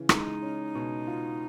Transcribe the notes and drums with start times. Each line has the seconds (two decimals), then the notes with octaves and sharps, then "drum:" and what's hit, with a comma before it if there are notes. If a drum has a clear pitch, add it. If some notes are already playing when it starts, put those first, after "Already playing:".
Already playing: C#3 E3
0.09 G#3 D#4, drum: rim click
0.42 C#4
0.75 B2
1.07 F4